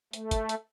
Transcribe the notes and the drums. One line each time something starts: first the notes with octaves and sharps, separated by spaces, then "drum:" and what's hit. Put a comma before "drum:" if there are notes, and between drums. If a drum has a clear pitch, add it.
A3, drum: hi-hat
drum: kick, hi-hat
drum: hi-hat